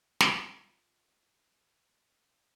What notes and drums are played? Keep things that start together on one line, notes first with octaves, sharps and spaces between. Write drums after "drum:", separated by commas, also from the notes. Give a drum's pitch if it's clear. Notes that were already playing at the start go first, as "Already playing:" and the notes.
F4 F5, drum: snare